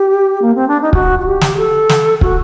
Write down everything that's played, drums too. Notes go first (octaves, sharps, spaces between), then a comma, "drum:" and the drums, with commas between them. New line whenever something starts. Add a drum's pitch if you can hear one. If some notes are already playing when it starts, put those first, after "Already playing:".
Already playing: G4
A#3
C4
D4
D#4
F#4, drum: kick
F#4
G4
drum: snare
A4
drum: snare
F#4, drum: kick